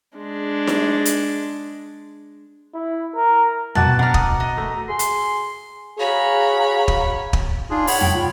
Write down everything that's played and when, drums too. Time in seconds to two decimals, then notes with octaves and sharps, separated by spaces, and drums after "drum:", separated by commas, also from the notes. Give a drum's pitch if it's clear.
0.16 G#3 D4
0.67 drum: snare D#4
1.05 drum: hi-hat
2.74 E4
3.15 A#4
3.75 B2 F#4 B4 F#5 A5 D6, drum: tom E2
3.99 D4 F#5 A#5 D6 F6
4.14 D#6, drum: kick
4.40 D#5
4.57 A3 A#5
4.89 G#4 C6
4.99 drum: hi-hat
5.99 F#4 G#4 C#5 F5 A#5 B5
6.88 drum: kick
7.33 drum: kick
7.70 D4 D#4 F4 G#4
7.87 C#5 F#5 B5, drum: open hi-hat
8.01 G5, drum: tom E2
8.14 F4